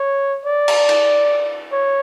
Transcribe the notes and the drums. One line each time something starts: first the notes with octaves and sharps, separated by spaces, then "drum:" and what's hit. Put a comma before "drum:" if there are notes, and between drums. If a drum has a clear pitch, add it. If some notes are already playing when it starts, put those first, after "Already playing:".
Already playing: C#5
D5
drum: cymbal
drum: cymbal
C#5